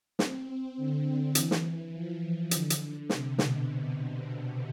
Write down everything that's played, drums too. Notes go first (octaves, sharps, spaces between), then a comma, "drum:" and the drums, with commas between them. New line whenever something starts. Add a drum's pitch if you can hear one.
C4, drum: snare
C4
D3
E3, drum: hi-hat
drum: snare
F3
E3
D3, drum: hi-hat
drum: hi-hat
C3, drum: snare
B2, drum: snare